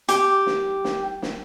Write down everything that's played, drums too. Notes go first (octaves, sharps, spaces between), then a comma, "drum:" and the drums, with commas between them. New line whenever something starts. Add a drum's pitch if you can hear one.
G4, drum: hi-hat
drum: snare
drum: snare
drum: snare